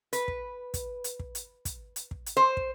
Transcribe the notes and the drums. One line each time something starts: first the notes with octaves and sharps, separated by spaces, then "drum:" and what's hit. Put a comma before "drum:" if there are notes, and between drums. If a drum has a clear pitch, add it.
B4, drum: hi-hat
drum: kick
drum: kick, hi-hat
drum: hi-hat
drum: kick
drum: hi-hat
drum: kick, hi-hat
drum: hi-hat
drum: kick
drum: hi-hat
C5
drum: kick